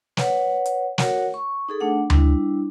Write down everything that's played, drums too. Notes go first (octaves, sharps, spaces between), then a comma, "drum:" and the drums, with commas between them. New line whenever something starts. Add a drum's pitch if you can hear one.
B4 C#5 F#5, drum: snare
drum: hi-hat
F#4 A#4 C#5 F#5, drum: snare
C#6
D#4 G#4 A4
A3 D4 F#5
G3 D4 E4, drum: tom D2